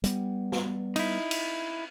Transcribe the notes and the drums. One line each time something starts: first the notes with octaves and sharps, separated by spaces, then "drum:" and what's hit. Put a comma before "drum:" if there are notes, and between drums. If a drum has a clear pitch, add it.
G3 B3, drum: hi-hat
drum: snare
D#4 E4, drum: cymbal
drum: cymbal